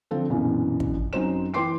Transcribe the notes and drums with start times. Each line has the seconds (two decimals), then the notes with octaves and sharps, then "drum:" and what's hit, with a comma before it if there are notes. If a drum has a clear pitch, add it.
0.11 D3 F3 C4 A4
0.29 A#1 F#2 B2 E3
0.80 drum: kick
1.13 F#2 F#3 C4 D#4 C5 E7
1.54 E3 B4 G5 C6 D6 C7